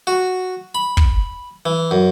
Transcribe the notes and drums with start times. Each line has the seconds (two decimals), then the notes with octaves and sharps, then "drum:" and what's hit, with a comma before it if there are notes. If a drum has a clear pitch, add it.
0.07 F#4
0.75 B5
0.97 drum: kick
1.66 E3
1.91 F#2